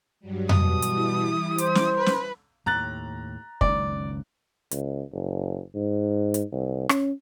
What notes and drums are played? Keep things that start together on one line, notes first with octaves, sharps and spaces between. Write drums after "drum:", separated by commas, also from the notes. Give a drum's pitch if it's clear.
G2 F#3 G3
B2 D#6, drum: tom F2
E3 G3 E4, drum: hi-hat
C5, drum: hi-hat
drum: snare
B4
drum: snare
D#2 A2 A#5 F#6 A6
F#1 C#2 D#3 D5, drum: kick
C#2, drum: hi-hat
F#1
G#2
drum: hi-hat
C2
C#4, drum: rim click